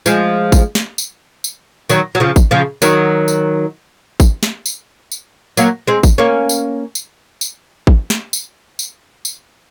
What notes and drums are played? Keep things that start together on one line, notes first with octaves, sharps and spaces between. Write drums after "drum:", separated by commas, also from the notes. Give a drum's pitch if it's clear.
F3 G#3, drum: tambourine
drum: kick G#1, tambourine
drum: snare
drum: tambourine
drum: tambourine
D#3 F#3, drum: tambourine
F#3
C#3 F3
drum: kick G#1, tambourine
C#3 F3
D#3 F#3, drum: tambourine
drum: tambourine
drum: kick G#1, tambourine
drum: snare
drum: tambourine
drum: tambourine
F#3 A#3, drum: tambourine
G#3 C4
drum: kick G#1, tambourine
A#3 C#4
drum: tambourine
drum: tambourine
drum: tambourine
drum: kick G#1
drum: snare
drum: tambourine
drum: tambourine
drum: tambourine